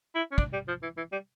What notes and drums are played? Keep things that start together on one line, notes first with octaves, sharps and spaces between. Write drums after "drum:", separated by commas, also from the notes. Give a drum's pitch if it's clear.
E4
C#4
D4, drum: kick
G3
F3
E3
E3
G3